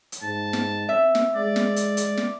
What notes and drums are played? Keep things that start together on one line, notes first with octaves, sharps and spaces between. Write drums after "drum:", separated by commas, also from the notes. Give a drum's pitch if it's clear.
drum: hi-hat
G#2 A5
drum: snare
C4 E5
drum: snare
G#3 D5
drum: snare
drum: hi-hat
drum: hi-hat
drum: snare